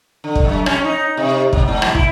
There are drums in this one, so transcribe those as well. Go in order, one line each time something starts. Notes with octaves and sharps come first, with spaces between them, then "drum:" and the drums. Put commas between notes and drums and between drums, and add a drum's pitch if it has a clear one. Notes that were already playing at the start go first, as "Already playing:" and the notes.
D3
drum: kick
F#2
C#4, drum: rim click
D#4
C3
B2, drum: kick
G#2
drum: rim click
E4, drum: kick